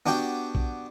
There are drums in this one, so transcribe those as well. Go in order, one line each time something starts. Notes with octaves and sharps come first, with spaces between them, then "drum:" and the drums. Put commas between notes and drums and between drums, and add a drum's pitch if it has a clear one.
B3 D4 F#4 G4 G5
drum: kick